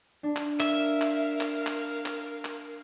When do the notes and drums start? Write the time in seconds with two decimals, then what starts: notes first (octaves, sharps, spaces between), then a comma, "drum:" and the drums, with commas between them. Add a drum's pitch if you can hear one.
0.23 D4
0.36 drum: clap
0.60 A#4 E5 F5, drum: clap
1.01 drum: clap
1.41 drum: clap
1.67 drum: clap
2.06 drum: clap
2.45 drum: clap